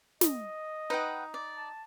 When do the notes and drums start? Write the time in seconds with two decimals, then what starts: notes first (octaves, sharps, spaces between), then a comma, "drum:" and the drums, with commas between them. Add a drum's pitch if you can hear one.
0.21 D#5, drum: snare
0.90 D#4 B4 F#5 G5
1.34 D5
1.57 A5